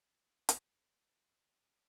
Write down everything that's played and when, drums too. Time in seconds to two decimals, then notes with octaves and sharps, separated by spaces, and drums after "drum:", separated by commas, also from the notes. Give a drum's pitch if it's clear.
0.16 D3 C#4 F4 D#5
0.49 drum: hi-hat